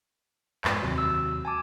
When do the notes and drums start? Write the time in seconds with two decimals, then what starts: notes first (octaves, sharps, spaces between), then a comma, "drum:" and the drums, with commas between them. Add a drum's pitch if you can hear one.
0.65 F2 G#2, drum: clap
0.82 D#2 C3 F#3
0.98 E6
1.45 G#5 A5 D6